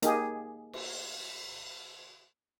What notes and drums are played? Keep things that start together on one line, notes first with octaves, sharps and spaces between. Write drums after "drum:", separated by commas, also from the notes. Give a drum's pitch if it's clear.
A#3 D#4 G4 G#4, drum: hi-hat
drum: cymbal